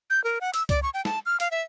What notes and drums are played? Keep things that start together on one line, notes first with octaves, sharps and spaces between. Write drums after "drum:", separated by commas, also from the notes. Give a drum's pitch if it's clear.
G6
A#4
F#5
E6, drum: hi-hat
D5, drum: kick C2, hi-hat
C#6
G5
A5, drum: snare
F6
F5, drum: hi-hat
E5